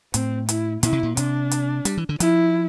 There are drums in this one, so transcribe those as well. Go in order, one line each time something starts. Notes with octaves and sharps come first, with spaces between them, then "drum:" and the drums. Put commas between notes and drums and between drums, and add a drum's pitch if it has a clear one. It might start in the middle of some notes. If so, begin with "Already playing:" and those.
A2 C4, drum: hi-hat
E4, drum: hi-hat
A#2 E4, drum: hi-hat
C3
A#2
C3 D4, drum: hi-hat
drum: hi-hat
G3, drum: hi-hat
E3
D3
F3 E4, drum: hi-hat